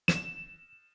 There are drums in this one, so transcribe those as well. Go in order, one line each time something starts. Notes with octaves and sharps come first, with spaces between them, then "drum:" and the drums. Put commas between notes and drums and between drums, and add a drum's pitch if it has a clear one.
E7, drum: snare